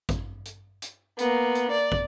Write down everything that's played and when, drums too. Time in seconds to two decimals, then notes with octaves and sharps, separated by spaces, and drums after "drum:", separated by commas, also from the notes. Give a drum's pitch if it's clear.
0.09 drum: kick, hi-hat
0.45 drum: hi-hat
0.82 drum: hi-hat
1.19 A#3 B3, drum: hi-hat
1.55 drum: hi-hat
1.71 D5
1.92 drum: kick